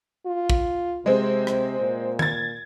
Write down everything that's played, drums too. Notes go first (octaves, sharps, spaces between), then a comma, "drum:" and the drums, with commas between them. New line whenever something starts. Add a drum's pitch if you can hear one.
F4
drum: kick
C3 G#3 C4
drum: rim click
A#2
G#6 A6, drum: tom D#3